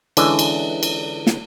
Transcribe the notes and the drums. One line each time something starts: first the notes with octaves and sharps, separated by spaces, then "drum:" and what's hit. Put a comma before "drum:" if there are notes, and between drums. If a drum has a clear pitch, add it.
D3 E3 G#3 C#4 D4, drum: cymbal
drum: cymbal
drum: cymbal
drum: snare